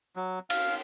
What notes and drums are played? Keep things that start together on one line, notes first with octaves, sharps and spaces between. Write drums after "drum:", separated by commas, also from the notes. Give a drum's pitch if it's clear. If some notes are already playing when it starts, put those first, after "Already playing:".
F#3
F5, drum: cymbal